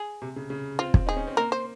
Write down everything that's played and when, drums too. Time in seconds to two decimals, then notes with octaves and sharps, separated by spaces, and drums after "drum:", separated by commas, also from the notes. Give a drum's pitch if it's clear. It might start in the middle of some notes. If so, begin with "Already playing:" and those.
Already playing: G#4
0.22 C3
0.36 C#3
0.50 C#3
0.79 C4 F4
0.94 drum: kick
1.07 D#4 G#4
1.17 C#4
1.27 C4
1.37 A#3 A#4
1.52 C5